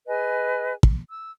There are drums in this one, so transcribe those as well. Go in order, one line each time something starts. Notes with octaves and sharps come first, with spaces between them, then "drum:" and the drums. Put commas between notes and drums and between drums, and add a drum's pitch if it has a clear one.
G#4 B4 D#5 G#5
drum: kick
E6